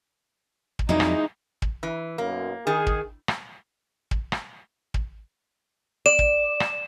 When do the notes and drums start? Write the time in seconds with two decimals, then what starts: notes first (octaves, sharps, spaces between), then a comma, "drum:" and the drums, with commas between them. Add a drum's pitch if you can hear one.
0.79 drum: kick
0.89 F2 E3 F#3 G#3 A#3 D#4
1.00 drum: rim click
1.62 drum: kick
1.83 E3
2.18 B1 F#2 A#3
2.67 D#3 G#4
2.87 drum: kick
3.28 drum: rim click
4.11 drum: kick
4.32 drum: rim click
4.94 drum: kick
6.06 D5 E7
6.19 drum: kick
6.60 drum: rim click